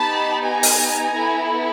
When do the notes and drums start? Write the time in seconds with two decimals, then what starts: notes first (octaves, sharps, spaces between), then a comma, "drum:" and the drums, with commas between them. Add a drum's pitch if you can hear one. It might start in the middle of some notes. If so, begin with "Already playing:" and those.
Already playing: B3 D#4 G4 A5 B5
0.44 G#5 A#5
0.63 drum: open hi-hat
1.13 B3 E4 A4